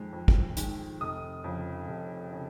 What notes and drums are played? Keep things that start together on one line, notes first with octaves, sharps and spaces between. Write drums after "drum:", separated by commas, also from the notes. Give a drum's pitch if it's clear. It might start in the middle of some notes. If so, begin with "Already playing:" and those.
Already playing: F2 D#3 G#3
F2
drum: kick
D#3 G#3, drum: hi-hat
F1 D#6
F2 C#3
F1
C#3